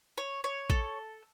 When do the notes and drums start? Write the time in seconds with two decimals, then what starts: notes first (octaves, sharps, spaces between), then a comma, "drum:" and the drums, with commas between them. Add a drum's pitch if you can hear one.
0.18 C#5
0.44 C#5
0.70 A4, drum: kick A1